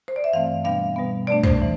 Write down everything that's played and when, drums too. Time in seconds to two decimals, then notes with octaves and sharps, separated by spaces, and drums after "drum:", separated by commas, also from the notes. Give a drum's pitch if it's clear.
0.08 C5
0.16 D5
0.24 E5
0.33 G2 E3 A3 C4 F5
0.64 B2 G3 B3 D4 F5
0.96 B2 G3 B3
1.27 B2 A3 D4 D5
1.44 C5, drum: tom
1.61 E3